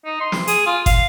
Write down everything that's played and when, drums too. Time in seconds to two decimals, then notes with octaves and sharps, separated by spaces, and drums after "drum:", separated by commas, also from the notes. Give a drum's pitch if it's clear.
0.05 D#4
0.21 C6
0.32 drum: snare
0.47 G#4, drum: hi-hat
0.66 F4
0.86 F5, drum: kick, hi-hat